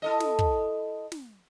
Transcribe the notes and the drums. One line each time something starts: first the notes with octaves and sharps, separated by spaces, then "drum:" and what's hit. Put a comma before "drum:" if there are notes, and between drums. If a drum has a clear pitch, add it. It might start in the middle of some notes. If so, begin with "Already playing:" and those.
E4 A4 D#5
drum: snare
drum: kick
drum: snare